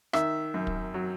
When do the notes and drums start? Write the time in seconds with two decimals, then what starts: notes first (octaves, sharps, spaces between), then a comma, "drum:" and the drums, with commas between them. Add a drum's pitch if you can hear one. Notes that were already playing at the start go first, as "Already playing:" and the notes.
0.13 D#3 E5, drum: rim click
0.54 F#2
0.67 drum: kick
0.94 F#3